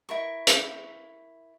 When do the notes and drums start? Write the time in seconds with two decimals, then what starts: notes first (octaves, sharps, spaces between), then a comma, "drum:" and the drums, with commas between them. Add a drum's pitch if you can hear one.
0.09 E4 A#4 C#6
0.47 drum: hi-hat